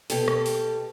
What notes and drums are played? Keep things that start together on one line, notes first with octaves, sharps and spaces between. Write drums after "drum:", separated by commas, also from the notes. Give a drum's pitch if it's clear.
B2 G4 A4, drum: open hi-hat
drum: rim click
drum: open hi-hat